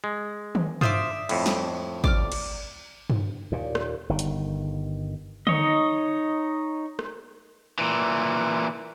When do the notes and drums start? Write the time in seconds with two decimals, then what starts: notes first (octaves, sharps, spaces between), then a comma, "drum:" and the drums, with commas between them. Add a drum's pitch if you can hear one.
0.04 G#3
0.55 drum: tom D#3
0.81 F4 C5 D5 E5 D#6, drum: tom G2
1.29 F2 A2, drum: cymbal
1.46 drum: snare
2.04 D5 D6 F6, drum: kick
2.32 drum: cymbal
3.10 drum: tom G2
3.52 D#2 A#2
3.75 drum: rim click
4.09 G1 D#3
4.19 drum: hi-hat
5.47 D#4 C#5 D#5, drum: tom D3
6.99 drum: rim click
7.79 A#2 E3